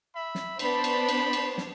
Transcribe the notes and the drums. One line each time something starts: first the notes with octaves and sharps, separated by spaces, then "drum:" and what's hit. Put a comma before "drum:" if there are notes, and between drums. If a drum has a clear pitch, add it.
E5 B5
drum: snare
B3 D4 C5 B5, drum: cymbal
drum: cymbal
drum: cymbal
drum: cymbal
drum: snare